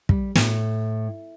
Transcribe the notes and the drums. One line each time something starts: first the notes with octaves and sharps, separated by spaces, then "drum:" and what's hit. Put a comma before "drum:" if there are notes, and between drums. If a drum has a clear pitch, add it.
G3, drum: kick
A2, drum: snare